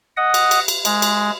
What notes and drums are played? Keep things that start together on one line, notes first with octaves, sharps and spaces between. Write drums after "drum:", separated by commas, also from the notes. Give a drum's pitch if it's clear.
D#5 F#5 D#6
drum: cymbal
drum: cymbal
drum: cymbal
G#3, drum: cymbal
drum: cymbal